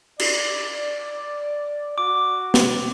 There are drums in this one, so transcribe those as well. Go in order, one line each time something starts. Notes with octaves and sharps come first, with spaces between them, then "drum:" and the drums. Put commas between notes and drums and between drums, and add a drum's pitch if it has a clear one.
D5, drum: cymbal
F#4 D6
drum: snare